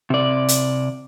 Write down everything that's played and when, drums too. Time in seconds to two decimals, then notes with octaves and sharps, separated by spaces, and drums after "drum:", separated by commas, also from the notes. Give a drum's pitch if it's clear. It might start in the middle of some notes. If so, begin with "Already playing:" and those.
0.10 C3 D5
0.48 drum: hi-hat